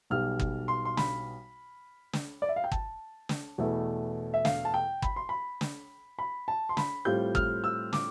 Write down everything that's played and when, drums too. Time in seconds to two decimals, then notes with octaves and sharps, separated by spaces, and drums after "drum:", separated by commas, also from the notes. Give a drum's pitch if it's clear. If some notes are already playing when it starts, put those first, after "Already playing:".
0.10 B1 B2 G3 F6
0.40 drum: kick
0.68 C6
0.85 C6
0.97 B5, drum: snare
2.13 drum: snare
2.42 D5
2.49 E5
2.56 F5
2.64 G5
2.72 A5, drum: kick
3.29 drum: snare
3.58 E2 B2 A3 E4
4.34 E5
4.45 F5, drum: snare
4.65 A5
4.74 G5
5.02 B5, drum: kick
5.16 C6
5.29 B5
5.61 drum: snare
6.19 B5
6.48 A5
6.69 C6
6.77 B5, drum: snare
7.05 A2 G3 C4 F4 G6
7.35 F6, drum: kick
7.64 E6
7.93 D6, drum: snare